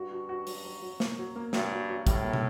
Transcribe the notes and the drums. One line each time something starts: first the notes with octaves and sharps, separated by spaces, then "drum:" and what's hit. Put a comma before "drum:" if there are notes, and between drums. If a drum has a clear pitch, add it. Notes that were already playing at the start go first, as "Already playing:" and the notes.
Already playing: G2 F#4
F#4
F#4
F#3, drum: open hi-hat
F#3
F#3
A#3, drum: snare
F#3
A#3
G2 F#3, drum: snare
F#4
F#3
A2 G3, drum: kick, hi-hat
A#3
drum: tom